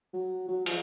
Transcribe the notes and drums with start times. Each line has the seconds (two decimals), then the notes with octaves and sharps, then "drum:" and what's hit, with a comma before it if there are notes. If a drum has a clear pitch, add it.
0.13 F#3
0.48 F#3
0.66 F3, drum: cymbal